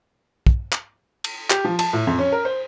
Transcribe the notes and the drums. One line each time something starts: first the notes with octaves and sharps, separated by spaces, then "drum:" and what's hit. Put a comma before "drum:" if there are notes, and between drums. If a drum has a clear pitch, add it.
drum: kick
drum: clap
drum: cymbal
G4, drum: clap
F3
A5, drum: cymbal
A2
F2
C#4
A#4
C5